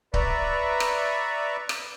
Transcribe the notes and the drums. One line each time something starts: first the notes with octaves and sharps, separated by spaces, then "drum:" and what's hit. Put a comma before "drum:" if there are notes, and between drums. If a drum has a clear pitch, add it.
B4 D5 E5 A#5 B5 C#6, drum: kick C#1
drum: rim click
drum: rim click